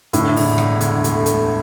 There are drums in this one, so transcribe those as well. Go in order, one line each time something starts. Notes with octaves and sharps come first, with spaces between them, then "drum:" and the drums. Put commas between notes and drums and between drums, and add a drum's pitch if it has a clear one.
A2 D3, drum: hi-hat
E1, drum: open hi-hat
E1, drum: rim click
D2, drum: hi-hat
A3, drum: hi-hat
A3, drum: hi-hat